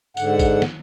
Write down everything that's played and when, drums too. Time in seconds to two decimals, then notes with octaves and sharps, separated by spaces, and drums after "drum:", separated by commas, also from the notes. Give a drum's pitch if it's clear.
0.17 G#2 D3 F#5, drum: tambourine
0.39 drum: kick A1, tambourine
0.62 drum: snare